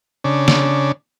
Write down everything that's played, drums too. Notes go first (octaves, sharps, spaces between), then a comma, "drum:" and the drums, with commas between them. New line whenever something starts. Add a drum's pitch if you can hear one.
C#3 D4
drum: snare